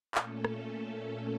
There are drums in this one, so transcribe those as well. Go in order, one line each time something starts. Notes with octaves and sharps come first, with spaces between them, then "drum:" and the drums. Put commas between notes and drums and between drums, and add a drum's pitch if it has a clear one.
A#2 A3 C#4 A4, drum: clap
drum: rim click